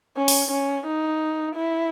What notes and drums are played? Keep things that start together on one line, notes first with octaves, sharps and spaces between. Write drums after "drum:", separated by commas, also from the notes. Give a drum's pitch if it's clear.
C#4
drum: open hi-hat
C#4
D#4
E4